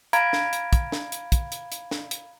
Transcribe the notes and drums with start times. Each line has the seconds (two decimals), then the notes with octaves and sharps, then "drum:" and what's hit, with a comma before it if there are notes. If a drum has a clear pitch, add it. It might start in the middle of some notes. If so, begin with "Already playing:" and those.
0.13 F5 A#5 B5 G#6 D7, drum: hi-hat
0.33 drum: snare
0.53 drum: hi-hat
0.73 drum: kick, hi-hat
0.92 drum: snare
1.12 drum: hi-hat
1.32 drum: kick, hi-hat
1.52 drum: hi-hat
1.72 drum: hi-hat
1.91 drum: snare
2.11 drum: hi-hat